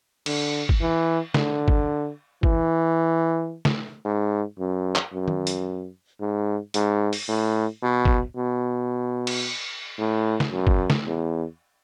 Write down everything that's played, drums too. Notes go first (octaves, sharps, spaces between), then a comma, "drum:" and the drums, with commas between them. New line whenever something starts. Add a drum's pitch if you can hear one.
D3, drum: cymbal
drum: kick
E3
D3, drum: snare
drum: kick
E3, drum: kick
drum: snare
G#2
F#2
drum: clap
F#2
drum: tom D#3
drum: hi-hat
G#2
G#2, drum: hi-hat
drum: open hi-hat
A2
B2
drum: kick
B2
drum: cymbal
A2
drum: snare
F#2
drum: kick
drum: snare
E2